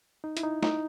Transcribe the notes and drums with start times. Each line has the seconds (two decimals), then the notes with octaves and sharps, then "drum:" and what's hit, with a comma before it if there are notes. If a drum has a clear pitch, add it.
0.24 D#4
0.37 E4, drum: hi-hat
0.44 D#4
0.63 D#4, drum: snare